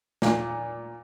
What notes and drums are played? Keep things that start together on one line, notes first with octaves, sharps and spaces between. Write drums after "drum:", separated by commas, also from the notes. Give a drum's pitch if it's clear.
A#2, drum: snare